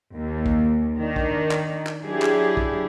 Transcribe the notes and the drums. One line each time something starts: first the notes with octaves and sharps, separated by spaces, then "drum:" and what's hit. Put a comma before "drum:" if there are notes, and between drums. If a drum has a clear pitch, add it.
D#2
drum: kick
D#3 D4 D#4
drum: kick
drum: clap
drum: clap
F#3 D4 E4 G4 G#4
drum: clap
drum: kick